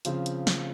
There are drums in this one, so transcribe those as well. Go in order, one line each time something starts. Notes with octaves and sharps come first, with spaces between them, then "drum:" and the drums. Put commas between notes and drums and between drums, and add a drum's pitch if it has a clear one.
C#3 F3 C4 F4, drum: hi-hat
drum: hi-hat
drum: snare